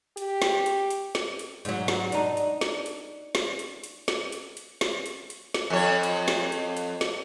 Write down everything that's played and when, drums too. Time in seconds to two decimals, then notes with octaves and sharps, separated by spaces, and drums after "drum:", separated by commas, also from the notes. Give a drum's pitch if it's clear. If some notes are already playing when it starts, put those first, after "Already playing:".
0.17 G4, drum: hi-hat
0.42 drum: snare
0.66 drum: hi-hat
0.90 drum: hi-hat
1.15 drum: snare
1.39 drum: hi-hat
1.65 G#2 F#3, drum: hi-hat
1.88 drum: snare
2.12 D4 D#4, drum: hi-hat
2.37 drum: hi-hat
2.61 drum: snare
2.86 drum: hi-hat
3.35 drum: snare
3.59 drum: hi-hat
3.84 drum: hi-hat
4.08 drum: snare
4.32 drum: hi-hat
4.57 drum: hi-hat
4.81 drum: snare
5.06 drum: hi-hat
5.30 drum: hi-hat
5.54 drum: snare
5.70 F2 C#5
6.03 drum: hi-hat
6.28 drum: snare
6.52 drum: hi-hat
6.77 drum: hi-hat
7.01 drum: snare